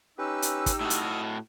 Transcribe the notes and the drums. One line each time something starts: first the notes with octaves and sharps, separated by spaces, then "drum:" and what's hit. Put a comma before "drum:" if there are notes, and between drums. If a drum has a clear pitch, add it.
C#4 D#4 G4 B4 E6
drum: hi-hat
drum: kick, hi-hat
A2 F#4 D#6 F6
drum: hi-hat